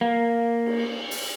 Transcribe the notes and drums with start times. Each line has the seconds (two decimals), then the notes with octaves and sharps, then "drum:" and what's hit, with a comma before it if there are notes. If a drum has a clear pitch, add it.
0.01 A#3
0.66 drum: cymbal
1.11 drum: open hi-hat